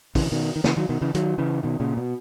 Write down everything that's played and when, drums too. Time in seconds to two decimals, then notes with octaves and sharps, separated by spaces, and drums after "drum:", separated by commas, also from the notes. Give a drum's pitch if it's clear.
0.15 C#3 E3, drum: kick, open hi-hat
0.26 C#3
0.32 B2 D#3
0.56 D#3
0.64 C#3 E3, drum: snare
0.77 D#3 F#3
0.89 B2 D#3
1.01 C#3 E3
1.15 D#3 F#3, drum: hi-hat
1.38 C#3 E3
1.63 B2 D#3
1.80 A#2 C#3
1.97 B2